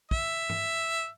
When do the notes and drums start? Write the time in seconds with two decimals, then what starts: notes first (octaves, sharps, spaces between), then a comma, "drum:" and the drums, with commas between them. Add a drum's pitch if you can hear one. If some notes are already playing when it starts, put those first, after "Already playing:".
0.11 E5, drum: kick
0.49 drum: tom G2